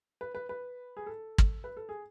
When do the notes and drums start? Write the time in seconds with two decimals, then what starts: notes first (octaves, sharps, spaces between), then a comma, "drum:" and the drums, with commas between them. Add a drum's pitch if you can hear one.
0.21 B4
0.35 B4
0.49 B4
0.97 G#4
1.06 A4
1.38 drum: kick
1.64 B4
1.77 A4
1.89 G#4